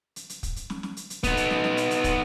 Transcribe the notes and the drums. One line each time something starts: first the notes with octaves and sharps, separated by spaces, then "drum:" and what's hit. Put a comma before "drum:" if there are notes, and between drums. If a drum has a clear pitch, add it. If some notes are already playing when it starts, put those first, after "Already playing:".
drum: hi-hat
drum: hi-hat
drum: kick, hi-hat
drum: hi-hat
drum: snare
drum: snare
drum: hi-hat
drum: hi-hat
B3 D#4, drum: kick, hi-hat
drum: hi-hat
drum: snare
drum: snare
drum: hi-hat
drum: hi-hat
drum: kick, hi-hat